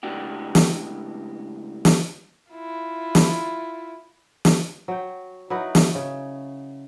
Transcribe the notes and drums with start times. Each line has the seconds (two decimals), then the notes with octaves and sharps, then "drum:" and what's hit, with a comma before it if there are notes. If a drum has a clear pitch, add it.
0.03 C#2 A2 D4 F#4 G4
0.55 drum: snare
1.85 drum: snare
2.51 E4 F4
3.15 drum: snare
4.45 drum: snare
4.88 F#3 G5
5.50 F#3 D#4 E4 B4
5.75 drum: snare
5.95 C#3